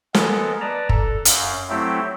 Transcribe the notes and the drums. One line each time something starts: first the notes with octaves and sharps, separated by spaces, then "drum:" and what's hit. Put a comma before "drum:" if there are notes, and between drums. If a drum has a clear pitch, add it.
G#3 B3 A4 A#4, drum: snare
B4 D5 A5 A#5
A4, drum: kick
F#2 F5, drum: hi-hat
F#3 A3 C4 E4 G4